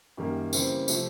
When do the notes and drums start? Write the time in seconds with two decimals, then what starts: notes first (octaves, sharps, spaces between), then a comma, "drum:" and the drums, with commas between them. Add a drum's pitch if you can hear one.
0.17 F#2 D#3 G3 A#3
0.53 C#3 E3 G3 A#3 C4, drum: tambourine
0.88 C3 F3 A3, drum: tambourine